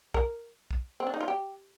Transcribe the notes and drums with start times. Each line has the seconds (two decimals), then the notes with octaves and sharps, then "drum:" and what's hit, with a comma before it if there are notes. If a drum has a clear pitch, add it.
0.14 A#4, drum: kick
0.71 drum: kick
1.00 C4
1.07 D4
1.14 D#4
1.21 F4
1.28 G4